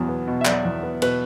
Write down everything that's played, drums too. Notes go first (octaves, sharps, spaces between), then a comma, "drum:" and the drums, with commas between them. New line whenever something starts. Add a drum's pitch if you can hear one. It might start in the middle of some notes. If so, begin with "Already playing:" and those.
Already playing: E2 B2 F#3
B3
B2
E5
F#3 D5, drum: clap
E2
B3
B2 B4, drum: cymbal